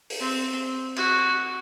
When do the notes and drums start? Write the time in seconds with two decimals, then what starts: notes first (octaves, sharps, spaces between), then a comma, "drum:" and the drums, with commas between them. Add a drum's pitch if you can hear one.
0.10 drum: open hi-hat
0.20 C4
0.96 F#4, drum: cymbal